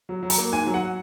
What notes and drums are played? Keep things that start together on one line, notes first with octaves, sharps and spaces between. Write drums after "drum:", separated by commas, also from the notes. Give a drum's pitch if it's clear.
F#3
F#3
A#5, drum: hi-hat
A#3
G#2 G#5
F#3
F#5